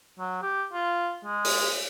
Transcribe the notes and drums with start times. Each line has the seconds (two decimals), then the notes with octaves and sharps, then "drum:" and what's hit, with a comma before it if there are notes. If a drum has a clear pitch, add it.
0.19 F#3
0.42 G4
0.73 F4
1.25 G#3
1.45 drum: open hi-hat